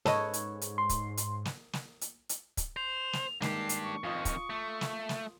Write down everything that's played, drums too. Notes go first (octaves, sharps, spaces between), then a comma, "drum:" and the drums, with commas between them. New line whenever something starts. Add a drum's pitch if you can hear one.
G#2 A4 B4 C#5 D#5, drum: snare
drum: hi-hat
drum: hi-hat
C6
drum: kick, hi-hat
drum: hi-hat
drum: snare
drum: snare
drum: hi-hat
drum: hi-hat
drum: kick, hi-hat
C5 F7
drum: snare
D#3 G#3 A#3 D4 G4 C7, drum: snare
drum: hi-hat
C#6
F2 D#3 F4 D#6
drum: kick, hi-hat
A3
drum: snare
drum: snare